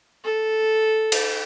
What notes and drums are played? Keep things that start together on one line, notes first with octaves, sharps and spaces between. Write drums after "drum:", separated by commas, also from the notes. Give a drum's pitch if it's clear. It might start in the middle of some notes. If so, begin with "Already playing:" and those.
A4
drum: cymbal